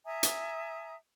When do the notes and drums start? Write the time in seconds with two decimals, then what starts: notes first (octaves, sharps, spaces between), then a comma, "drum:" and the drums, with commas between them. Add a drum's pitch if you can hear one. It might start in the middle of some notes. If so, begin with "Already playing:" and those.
0.06 E5 G#5 A#5 D#6
0.23 drum: hi-hat